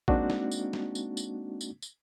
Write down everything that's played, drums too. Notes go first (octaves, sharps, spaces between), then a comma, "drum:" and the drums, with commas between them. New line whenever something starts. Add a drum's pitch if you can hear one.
G#3 A#3 C4 D4 D#4 F#4, drum: kick
drum: snare
drum: tambourine
drum: snare
drum: tambourine
drum: tambourine
drum: tambourine
drum: tambourine